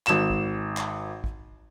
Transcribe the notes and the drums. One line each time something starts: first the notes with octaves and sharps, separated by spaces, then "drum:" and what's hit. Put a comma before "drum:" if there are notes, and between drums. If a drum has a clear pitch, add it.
G#1 E7, drum: clap
drum: kick A1
drum: clap
drum: kick A1